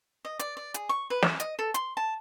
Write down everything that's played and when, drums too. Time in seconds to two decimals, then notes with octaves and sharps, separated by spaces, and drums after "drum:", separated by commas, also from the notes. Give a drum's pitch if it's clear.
0.25 D#5
0.39 D5, drum: hi-hat
0.57 D5
0.74 G#4, drum: hi-hat
0.89 C#6
1.10 B4
1.22 E5, drum: snare
1.40 D#5, drum: hi-hat
1.59 A4
1.74 C6, drum: hi-hat
1.97 A5